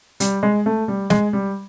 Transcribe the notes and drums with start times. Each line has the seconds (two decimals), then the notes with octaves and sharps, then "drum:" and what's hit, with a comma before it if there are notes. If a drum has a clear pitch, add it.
0.20 G3, drum: hi-hat
0.43 G#3
0.66 A3
0.88 G3
1.10 G#3, drum: snare
1.33 G3